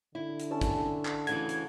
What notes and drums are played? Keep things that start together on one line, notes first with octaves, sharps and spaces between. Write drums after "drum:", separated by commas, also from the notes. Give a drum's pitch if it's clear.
D3 E4
drum: hi-hat
C#4 A5 E6
drum: kick, hi-hat
drum: clap
D2 C#3 E3 G#6, drum: hi-hat
drum: hi-hat